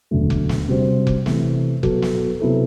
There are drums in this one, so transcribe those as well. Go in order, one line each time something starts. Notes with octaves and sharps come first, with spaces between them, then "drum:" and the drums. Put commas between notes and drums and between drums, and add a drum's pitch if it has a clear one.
E1 D2 D3 F#3 A3
drum: kick F1
drum: snare
C3 G3 C4 F#4 C5
drum: kick F1
C3 E3 A3, drum: snare
B2 F#3 B3 F#4 A4, drum: kick F1
drum: snare
C3 F#3 B3 E4 A4